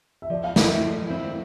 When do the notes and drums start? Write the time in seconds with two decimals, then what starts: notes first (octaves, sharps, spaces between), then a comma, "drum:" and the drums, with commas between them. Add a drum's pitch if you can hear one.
0.22 E5
0.30 F3 D5
0.43 F5
0.56 C4 E4, drum: snare
0.69 E5
0.81 F3
1.07 C4 E4